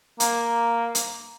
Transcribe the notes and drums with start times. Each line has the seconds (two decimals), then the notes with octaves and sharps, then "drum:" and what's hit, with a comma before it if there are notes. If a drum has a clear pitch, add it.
0.20 A#3, drum: hi-hat
0.95 drum: hi-hat